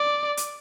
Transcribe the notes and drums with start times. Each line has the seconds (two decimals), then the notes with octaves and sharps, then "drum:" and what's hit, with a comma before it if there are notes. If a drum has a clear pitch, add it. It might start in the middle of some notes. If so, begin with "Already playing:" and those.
Already playing: D5
0.37 drum: hi-hat